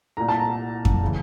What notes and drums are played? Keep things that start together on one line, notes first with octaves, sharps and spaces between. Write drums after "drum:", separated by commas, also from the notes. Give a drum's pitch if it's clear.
C2 A#2 A#5
A5
A#5
drum: kick F2
C#3 E3